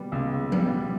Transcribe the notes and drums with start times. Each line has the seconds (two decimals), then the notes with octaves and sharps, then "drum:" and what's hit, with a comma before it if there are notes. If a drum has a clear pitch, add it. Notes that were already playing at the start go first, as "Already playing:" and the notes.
Already playing: B2 G3 B3
0.12 C#2
0.52 B2 G3 B3, drum: tom F3